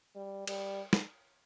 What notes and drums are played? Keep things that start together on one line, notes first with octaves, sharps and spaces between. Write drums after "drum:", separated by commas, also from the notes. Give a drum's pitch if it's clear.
G3
G3, drum: cymbal
drum: snare